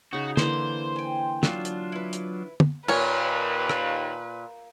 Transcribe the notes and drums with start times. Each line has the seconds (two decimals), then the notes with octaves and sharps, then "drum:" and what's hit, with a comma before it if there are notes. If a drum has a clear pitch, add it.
0.13 C#3 D#4 F#4
0.37 D3 E3 A#3 C5, drum: snare
0.96 G5 G#5
1.43 F#3 D4 F4, drum: snare
1.65 drum: hi-hat
1.92 E4 B4
2.13 drum: hi-hat
2.60 drum: tom
2.88 D#2 A#2 A#4 B4 C#5, drum: cymbal
3.69 drum: rim click